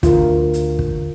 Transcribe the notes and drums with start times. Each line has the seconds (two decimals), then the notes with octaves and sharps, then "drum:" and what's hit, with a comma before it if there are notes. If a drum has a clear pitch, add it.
0.03 D2 F4 A#4, drum: kick, hi-hat
0.54 drum: hi-hat
0.79 drum: kick